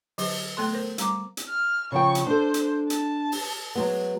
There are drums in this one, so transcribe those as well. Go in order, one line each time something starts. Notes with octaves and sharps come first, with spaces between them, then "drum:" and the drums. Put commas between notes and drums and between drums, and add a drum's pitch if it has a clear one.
D3 F#3, drum: open hi-hat
A3 B3 A4 C6
A#4 C5
G3 A#5 D6, drum: hi-hat
drum: hi-hat
F6
C#3 F3 G5 C#6
drum: hi-hat
D4 A4 C5
drum: hi-hat
A5, drum: hi-hat
drum: open hi-hat
F#3 G#3 B3